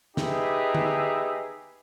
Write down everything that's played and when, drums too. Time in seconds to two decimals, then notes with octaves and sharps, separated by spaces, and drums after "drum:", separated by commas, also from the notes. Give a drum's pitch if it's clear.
0.17 D#4 G4 G#4 B4 E5, drum: snare
0.75 drum: tom D3